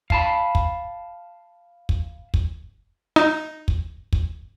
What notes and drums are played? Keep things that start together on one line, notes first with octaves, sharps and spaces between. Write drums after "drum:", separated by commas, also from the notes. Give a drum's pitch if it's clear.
F5 A5 B5, drum: kick
drum: kick
drum: kick
drum: kick
D#4
drum: kick
drum: kick